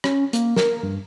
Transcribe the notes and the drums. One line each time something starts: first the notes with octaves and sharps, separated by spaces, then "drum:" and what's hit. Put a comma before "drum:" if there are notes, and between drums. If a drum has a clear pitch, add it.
C#4, drum: rim click
A#3, drum: hi-hat
A#4, drum: snare
G2